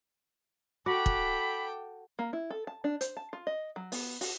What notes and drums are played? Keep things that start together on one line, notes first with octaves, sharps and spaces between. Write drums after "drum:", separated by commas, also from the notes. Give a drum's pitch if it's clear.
F#4 A4 G5 B5 D6
drum: kick
A#3
E4
A4
A5
D4
C5, drum: hi-hat
A5
F4
D#5
F#3
B3, drum: open hi-hat
F#4, drum: open hi-hat